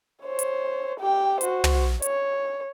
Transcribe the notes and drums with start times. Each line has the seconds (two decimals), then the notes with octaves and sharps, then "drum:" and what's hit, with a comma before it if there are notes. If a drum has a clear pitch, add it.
0.23 C5 C#5
0.39 drum: hi-hat
1.00 G4 G5
1.41 F#4 C5, drum: hi-hat
1.64 drum: tom
2.02 C#5, drum: hi-hat